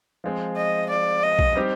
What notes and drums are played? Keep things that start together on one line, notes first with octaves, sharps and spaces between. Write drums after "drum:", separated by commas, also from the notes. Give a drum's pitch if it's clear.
F3 G#3 C4
D#5
D5
D#5
drum: kick B1
G3 C4 D#4 G4 C5